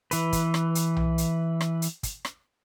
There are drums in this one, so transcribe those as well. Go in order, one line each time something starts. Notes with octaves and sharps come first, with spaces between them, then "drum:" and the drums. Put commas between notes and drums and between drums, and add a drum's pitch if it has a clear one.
E3 B4, drum: hi-hat
drum: kick, hi-hat
drum: rim click
drum: hi-hat
drum: tom B1
drum: hi-hat
drum: rim click
drum: hi-hat
drum: kick, hi-hat
drum: rim click